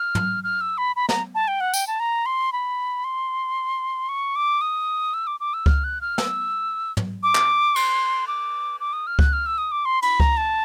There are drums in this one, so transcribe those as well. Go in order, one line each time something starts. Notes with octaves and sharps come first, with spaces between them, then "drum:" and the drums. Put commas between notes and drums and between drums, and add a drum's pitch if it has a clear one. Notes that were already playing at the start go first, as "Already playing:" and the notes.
Already playing: F6
drum: tom
F6
E6
B5
B5
A#5, drum: snare
A5
G5
F#5
G5, drum: tambourine
A5
A#5
C6
B5
C6
C#6
D6
D#6
E6
D6
D6
E6
F6, drum: kick C#2
F#6
F6
E6, drum: snare
drum: tom
D6
drum: clap
C6, drum: cymbal
D6
D6
D#6
F6
F#6, drum: kick C#2
F6
E6
D#6
D6
C6
B5, drum: cymbal
A#5, drum: kick C#2
A5